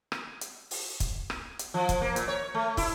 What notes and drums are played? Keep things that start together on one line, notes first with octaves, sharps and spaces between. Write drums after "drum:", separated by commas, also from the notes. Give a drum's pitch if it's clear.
drum: rim click
drum: hi-hat
drum: open hi-hat
drum: kick, hi-hat
drum: rim click
drum: hi-hat
F3
drum: kick, hi-hat
A#3
A#2, drum: hi-hat
C#5
A3
E4, drum: kick, open hi-hat